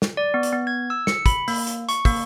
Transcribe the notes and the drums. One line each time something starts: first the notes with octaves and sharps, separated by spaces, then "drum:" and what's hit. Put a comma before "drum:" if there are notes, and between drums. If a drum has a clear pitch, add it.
drum: snare
D5
B3
drum: hi-hat
B3
G#6
E6
C#7, drum: snare
B5, drum: kick, hi-hat
A#3, drum: open hi-hat
drum: hi-hat
C#6, drum: hi-hat
A#3, drum: kick, open hi-hat